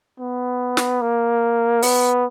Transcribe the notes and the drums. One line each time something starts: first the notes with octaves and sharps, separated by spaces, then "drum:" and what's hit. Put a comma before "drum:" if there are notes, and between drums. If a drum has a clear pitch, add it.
B3
drum: snare
A#3
B3, drum: open hi-hat